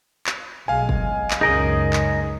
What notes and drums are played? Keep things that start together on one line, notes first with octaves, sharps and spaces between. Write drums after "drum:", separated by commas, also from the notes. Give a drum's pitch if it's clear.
drum: clap
B1 G#3 F5 G#5
drum: kick
drum: clap
C#2 F#2 C#3 D#4 G#4 A#4 D#5
drum: clap